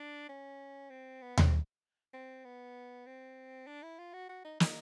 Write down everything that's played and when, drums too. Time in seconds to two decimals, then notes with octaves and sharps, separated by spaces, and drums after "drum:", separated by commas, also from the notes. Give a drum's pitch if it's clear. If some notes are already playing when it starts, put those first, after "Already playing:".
Already playing: D4
0.29 C#4
0.90 C4
1.22 B3
1.38 C4, drum: tom D#2
2.14 C4
2.45 B3
3.07 C4
3.67 D4
3.83 E4
3.99 F4
4.14 F#4
4.29 F#4
4.45 D#4
4.60 D#4, drum: snare